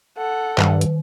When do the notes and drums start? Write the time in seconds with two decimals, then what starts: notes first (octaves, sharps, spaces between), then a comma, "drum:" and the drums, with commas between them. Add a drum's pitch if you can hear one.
0.17 A4 F#5
0.58 G2 D#3, drum: clap
0.81 drum: hi-hat